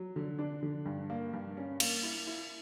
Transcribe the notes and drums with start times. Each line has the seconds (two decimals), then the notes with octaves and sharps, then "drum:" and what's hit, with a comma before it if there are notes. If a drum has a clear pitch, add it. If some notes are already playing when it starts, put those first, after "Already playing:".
Already playing: F#3
0.16 D3
0.39 D4
0.63 D3
0.86 G2
1.10 A#3
1.33 G2
1.57 C#4
1.80 A#3, drum: cymbal
2.03 E4
2.27 E4